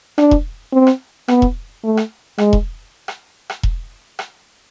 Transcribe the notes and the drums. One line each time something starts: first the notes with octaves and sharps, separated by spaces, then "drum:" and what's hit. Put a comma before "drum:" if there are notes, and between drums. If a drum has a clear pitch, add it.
D4, drum: rim click
drum: kick E1
C4
drum: rim click
B3, drum: rim click
drum: kick E1
A3
drum: rim click
G#3, drum: rim click
drum: kick E1
drum: rim click
drum: rim click
drum: kick E1
drum: rim click